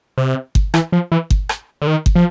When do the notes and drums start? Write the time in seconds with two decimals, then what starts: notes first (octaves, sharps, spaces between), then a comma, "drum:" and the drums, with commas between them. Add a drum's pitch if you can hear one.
0.18 C3
0.55 drum: kick G1
0.74 E3, drum: rim click
0.92 F3
1.12 E3
1.30 drum: kick G1
1.49 drum: rim click
1.82 D3
1.87 D#3
2.06 drum: kick G1
2.16 F3